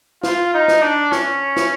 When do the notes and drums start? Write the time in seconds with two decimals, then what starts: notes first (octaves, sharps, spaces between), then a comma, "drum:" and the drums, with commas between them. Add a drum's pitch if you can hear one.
0.23 F4, drum: snare
0.54 D#4
0.68 drum: snare
0.82 D4
1.12 C#4, drum: snare
1.56 drum: snare